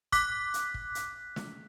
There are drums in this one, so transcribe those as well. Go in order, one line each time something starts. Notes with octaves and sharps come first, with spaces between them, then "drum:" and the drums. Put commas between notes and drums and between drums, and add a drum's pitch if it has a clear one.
D6 F#6 B6, drum: kick, hi-hat
drum: hi-hat
drum: kick
drum: hi-hat
drum: snare